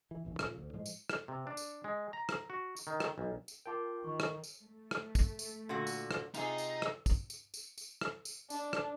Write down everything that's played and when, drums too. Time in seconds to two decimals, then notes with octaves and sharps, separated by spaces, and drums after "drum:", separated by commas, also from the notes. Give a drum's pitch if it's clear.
0.11 E3
0.25 A1 D#2 B2 E3
0.39 A#2 C#3 F3, drum: rim click
0.58 D2
0.73 A2 F3 G#3
0.86 drum: tambourine
1.09 drum: rim click
1.28 C3
1.47 D4
1.57 drum: tambourine
1.84 G#3
2.13 A#5
2.29 drum: rim click
2.50 F#4
2.77 drum: tambourine
2.87 D#3
3.00 drum: rim click
3.18 B1
3.48 drum: tambourine
3.66 F4 A#4 G5 A5 D6
4.04 D#3 C#6
4.20 drum: rim click
4.44 drum: tambourine
4.62 A3
4.91 drum: rim click
5.15 drum: kick, tambourine
5.39 drum: tambourine
5.69 A#2 D3 F#4
5.87 drum: tambourine
6.11 drum: rim click
6.34 C3 D#4 F4 G#4, drum: tambourine
6.58 drum: tambourine
6.82 drum: rim click
7.06 drum: kick, tambourine
7.30 drum: tambourine
7.54 drum: tambourine
7.78 drum: tambourine
8.01 drum: rim click
8.25 drum: tambourine
8.50 D4, drum: tambourine
8.73 drum: rim click